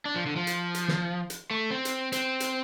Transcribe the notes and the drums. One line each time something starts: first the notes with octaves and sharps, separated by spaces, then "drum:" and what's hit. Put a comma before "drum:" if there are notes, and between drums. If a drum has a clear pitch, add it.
D4
F3
D3
F3
drum: hi-hat
drum: hi-hat
drum: snare
drum: hi-hat
A3
C4
drum: hi-hat
C4, drum: hi-hat
drum: hi-hat